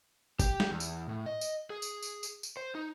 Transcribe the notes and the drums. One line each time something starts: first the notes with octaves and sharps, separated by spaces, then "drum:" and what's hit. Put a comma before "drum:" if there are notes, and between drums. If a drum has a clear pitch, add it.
G4, drum: kick, tambourine
drum: snare
E2
drum: tambourine
A2
D#5
drum: tambourine
G#4
drum: tambourine
drum: tambourine
drum: tambourine
drum: tambourine
C5
D#4